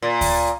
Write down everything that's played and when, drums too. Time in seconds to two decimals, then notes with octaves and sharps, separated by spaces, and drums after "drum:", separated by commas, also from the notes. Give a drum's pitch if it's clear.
0.02 A#2
0.21 drum: kick D2, open hi-hat